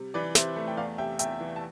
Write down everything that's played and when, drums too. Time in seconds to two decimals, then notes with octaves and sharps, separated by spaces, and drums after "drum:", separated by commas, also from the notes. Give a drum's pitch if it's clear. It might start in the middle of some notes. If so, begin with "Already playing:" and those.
Already playing: C3 G3
0.14 E3 B4 D5
0.35 C3 C5 E5, drum: snare
0.56 A3
0.68 G5
0.77 E2 D5 F5
0.98 C3 E5 G5
1.19 E2 E5 G5, drum: hi-hat
1.40 E3
1.56 A5